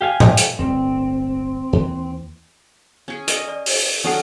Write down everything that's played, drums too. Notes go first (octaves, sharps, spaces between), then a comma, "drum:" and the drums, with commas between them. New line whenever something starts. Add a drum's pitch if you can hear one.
G4 F5 G#5
drum: tom A2
drum: hi-hat
D1 G1 G3 C4
D#2 E3
C#4 G#4
D#5, drum: hi-hat
D5
drum: open hi-hat
F#3 C#4 D4 G4 A4 F#5